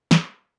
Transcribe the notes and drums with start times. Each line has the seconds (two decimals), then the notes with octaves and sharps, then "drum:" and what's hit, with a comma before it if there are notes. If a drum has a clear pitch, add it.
0.11 E3, drum: snare